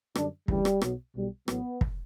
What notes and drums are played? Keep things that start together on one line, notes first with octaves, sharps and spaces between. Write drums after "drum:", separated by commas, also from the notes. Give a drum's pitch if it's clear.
F#2 D3 G3 D4, drum: rim click
D2 C#3 E3 G3, drum: kick
drum: rim click
B1 B2 F#3, drum: rim click
B1 B2 G3
A1 A2 F#3 B3, drum: rim click
drum: kick